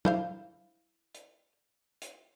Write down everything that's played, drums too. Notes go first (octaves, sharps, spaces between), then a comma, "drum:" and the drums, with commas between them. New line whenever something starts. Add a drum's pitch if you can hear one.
E4 C5 F5, drum: tom
drum: hi-hat
drum: hi-hat